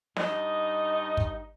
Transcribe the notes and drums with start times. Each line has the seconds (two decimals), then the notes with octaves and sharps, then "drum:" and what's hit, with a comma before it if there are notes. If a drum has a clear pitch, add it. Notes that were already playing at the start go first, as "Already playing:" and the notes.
0.16 G2 D#4 D#5, drum: snare
1.17 drum: kick